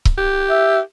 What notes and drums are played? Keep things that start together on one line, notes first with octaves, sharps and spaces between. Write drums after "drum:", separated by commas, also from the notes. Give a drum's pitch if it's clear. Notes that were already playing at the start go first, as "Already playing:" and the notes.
drum: kick C#1
G4
E5